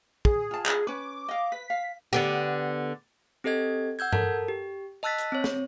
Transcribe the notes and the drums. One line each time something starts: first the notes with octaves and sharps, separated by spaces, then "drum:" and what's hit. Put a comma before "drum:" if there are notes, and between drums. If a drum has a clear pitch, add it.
G#4, drum: kick
F4 A5
drum: clap
C#4 B4 D6
D#5 F5
B4 B6
F5
D3 B3 G4
C4 G4 A4 D#5 G#6
F#5 E6 G6 G#6
A4 A#4 A5, drum: tom G2
G4
D#5 A5 E6 F#6 A6 B6
drum: hi-hat
C4 C#5
drum: snare